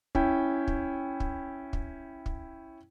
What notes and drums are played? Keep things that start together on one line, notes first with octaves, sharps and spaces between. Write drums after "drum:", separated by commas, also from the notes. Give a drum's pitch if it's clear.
C#4 E4 G5, drum: kick
drum: kick
drum: kick
drum: kick
drum: kick